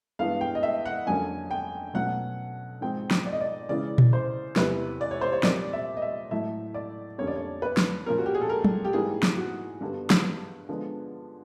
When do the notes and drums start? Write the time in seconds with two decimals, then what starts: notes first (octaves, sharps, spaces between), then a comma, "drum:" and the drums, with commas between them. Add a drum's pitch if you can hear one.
0.19 G2 E3 G#3 B3 F5
0.41 G5
0.55 D#5
0.63 E5
0.86 F#5
1.06 F2 D3 F#3 A#3 C#4 G#5
1.51 G5
1.94 B2 F#3 A3 C#4 F#5
2.81 G#2 F3 G#3 C4 G5
3.11 drum: snare
3.26 D5
3.33 D#5
3.41 D5
3.69 C#3 E3 G#3 C#4 D5
3.98 drum: tom A#2
4.13 C5
4.56 E2 C3 E3 B4, drum: snare
5.01 D5
5.11 C#5
5.21 C5
5.32 C#5
5.43 A#2 G3 C4 D5, drum: snare
5.73 E5
5.97 D#5
6.02 E5
6.31 A2 F#3 A3 E5
6.74 D5
7.18 F2 D3 G3 A#3 C#4 C#5
7.27 D5
7.36 C#5
7.62 B4
7.77 drum: snare
8.06 A#2 F3 A#3 C#4 A#4
8.18 F#4
8.26 G4
8.35 G#4
8.41 A4
8.49 A#4
8.64 drum: tom
8.85 G4
8.93 G#2 E3 G3 A#3 G#4
9.23 drum: snare
9.37 F#4
9.80 G2 D3 G3 B3
10.10 drum: snare
10.69 D3 F3 G#3 B3